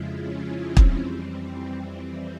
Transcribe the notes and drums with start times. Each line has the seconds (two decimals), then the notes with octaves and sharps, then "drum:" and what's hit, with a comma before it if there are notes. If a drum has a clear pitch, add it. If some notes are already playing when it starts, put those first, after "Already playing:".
Already playing: F2 C#3 F3 G#3 E4 F4
0.20 C#4
0.57 C4
0.77 drum: kick
0.95 F2 E3 G3 C4
1.72 C4